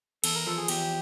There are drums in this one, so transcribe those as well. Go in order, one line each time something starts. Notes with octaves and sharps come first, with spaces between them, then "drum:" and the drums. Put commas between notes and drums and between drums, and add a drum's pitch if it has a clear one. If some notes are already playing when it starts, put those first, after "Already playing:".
E2 A4, drum: cymbal
A#4
F3 A4
G#4
E2 G4, drum: cymbal